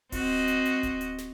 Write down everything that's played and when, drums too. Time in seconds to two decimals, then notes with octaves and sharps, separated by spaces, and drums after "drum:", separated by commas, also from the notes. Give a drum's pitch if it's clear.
0.12 C4 F#4 D#5, drum: kick D1, open hi-hat
0.48 drum: hi-hat
0.65 drum: hi-hat
0.83 drum: kick D1, hi-hat
1.01 drum: hi-hat
1.18 drum: snare